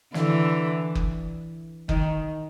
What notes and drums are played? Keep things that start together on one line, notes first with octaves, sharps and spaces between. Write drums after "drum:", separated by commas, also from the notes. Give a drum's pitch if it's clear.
D3 E3, drum: snare
drum: kick F#1
D#3, drum: kick F#1